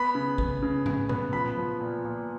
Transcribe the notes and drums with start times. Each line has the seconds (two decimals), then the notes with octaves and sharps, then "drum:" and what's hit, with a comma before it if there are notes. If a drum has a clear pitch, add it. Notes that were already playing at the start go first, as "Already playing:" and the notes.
Already playing: B3 B5
0.15 C#3
0.38 B3, drum: kick
0.62 C#3
0.86 C#3, drum: tom G#2
1.09 B3, drum: tom A#2
1.33 F3 B5
1.57 F3
1.80 A#2
2.05 A#2